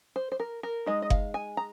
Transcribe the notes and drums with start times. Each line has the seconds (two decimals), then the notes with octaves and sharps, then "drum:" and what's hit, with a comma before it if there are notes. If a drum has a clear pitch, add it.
0.16 C5
0.32 C5
0.40 A#4
0.63 A#4
0.86 G#3 D#4 D#5
1.02 D#5
1.10 F5, drum: kick F#1
1.34 G#5
1.57 A#5